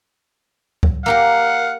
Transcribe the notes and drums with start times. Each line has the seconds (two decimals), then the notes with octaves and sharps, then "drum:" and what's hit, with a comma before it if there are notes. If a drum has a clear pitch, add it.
0.83 drum: kick C#2
1.06 A#3 G4 A#4 F5 F#5